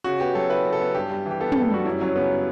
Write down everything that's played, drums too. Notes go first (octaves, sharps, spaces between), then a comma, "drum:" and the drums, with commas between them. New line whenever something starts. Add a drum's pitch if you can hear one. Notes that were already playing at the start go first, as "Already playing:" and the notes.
C#3 F#4
B3 G4
F#3 A4
E4 B4
C#3
A4
B3
G2 G4
G3
E3
G4
B3 A4
A4, drum: tom
G2
A4
G3 F#4
F#2 E4
F#3 C#4
C#3 B3